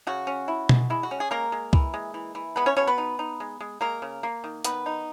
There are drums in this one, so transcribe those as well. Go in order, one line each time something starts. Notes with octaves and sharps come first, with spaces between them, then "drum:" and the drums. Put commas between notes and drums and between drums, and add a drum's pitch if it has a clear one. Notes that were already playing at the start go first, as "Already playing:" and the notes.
C#3 F#4
C#4
E4
G#3, drum: tom B2
G#3 E4
F#4
C#4
G#4
G#3 A#3 A#4
G#3
E3, drum: kick C2
G#3
E3
E3
G#3 B3 B4
C#4 C#5
B2 C#4 C#5
B3 B4
D#4
D#4
G#3
G#3
G#3 A#3 A#4
C#3
A#3
D#3
D#3 B3 B4, drum: hi-hat
D#4